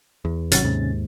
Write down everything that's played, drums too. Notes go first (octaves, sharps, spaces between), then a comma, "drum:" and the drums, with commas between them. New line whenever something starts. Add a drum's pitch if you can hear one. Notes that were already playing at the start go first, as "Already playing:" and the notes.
E2
G#1 C3 F#3 C#4 A6, drum: hi-hat
D#2 G#2